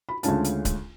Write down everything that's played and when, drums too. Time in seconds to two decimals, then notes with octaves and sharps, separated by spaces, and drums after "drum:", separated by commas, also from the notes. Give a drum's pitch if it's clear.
0.09 B5
0.23 D2 C#3 G#3 C#4 F4 A5, drum: hi-hat
0.44 drum: hi-hat
0.65 drum: kick C#1, hi-hat